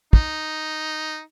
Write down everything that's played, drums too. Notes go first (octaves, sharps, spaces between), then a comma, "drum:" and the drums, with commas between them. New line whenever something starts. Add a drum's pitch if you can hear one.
D#4, drum: kick